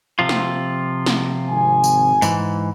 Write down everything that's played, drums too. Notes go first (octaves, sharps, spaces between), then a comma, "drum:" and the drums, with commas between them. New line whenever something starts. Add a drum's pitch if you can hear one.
C3 F3 F4
drum: snare
drum: snare
G#1 G#5
drum: tambourine
G#2 E3, drum: tambourine